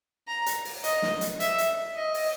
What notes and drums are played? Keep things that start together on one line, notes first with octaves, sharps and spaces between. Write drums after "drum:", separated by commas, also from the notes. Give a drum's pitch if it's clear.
A#5
drum: hi-hat
drum: open hi-hat
D#5, drum: hi-hat
drum: snare
drum: hi-hat
E5, drum: hi-hat
drum: hi-hat
D#5
drum: open hi-hat